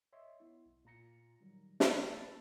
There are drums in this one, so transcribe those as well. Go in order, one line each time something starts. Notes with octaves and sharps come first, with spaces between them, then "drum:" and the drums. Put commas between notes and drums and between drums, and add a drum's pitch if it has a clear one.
C#5 D#5 E5 C6
B3 E4
B1
A#2 F4 A#5 A#6 C#7
D#3 F#3 G3
drum: snare
B4 C#5 A5 B5 E6 A6